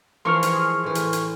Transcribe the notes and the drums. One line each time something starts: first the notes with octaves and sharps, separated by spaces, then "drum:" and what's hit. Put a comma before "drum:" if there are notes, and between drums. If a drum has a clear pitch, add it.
E3 F3 A#4 C6 C#6 F6
drum: hi-hat
G#4
A2 E3
drum: hi-hat
drum: hi-hat